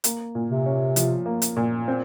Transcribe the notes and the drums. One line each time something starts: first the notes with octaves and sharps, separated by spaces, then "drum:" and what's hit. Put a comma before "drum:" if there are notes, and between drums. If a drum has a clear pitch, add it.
A#3, drum: hi-hat
A#2
C3
C#4
F3, drum: hi-hat
A#3
drum: hi-hat
A#2
C4